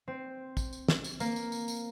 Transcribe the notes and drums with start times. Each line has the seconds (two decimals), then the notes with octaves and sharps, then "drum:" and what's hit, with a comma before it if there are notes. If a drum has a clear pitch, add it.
0.08 C4
0.57 drum: kick, tambourine
0.73 drum: tambourine
0.88 drum: snare
1.04 drum: tambourine
1.20 A#3, drum: tambourine
1.36 drum: tambourine
1.52 drum: tambourine
1.68 drum: tambourine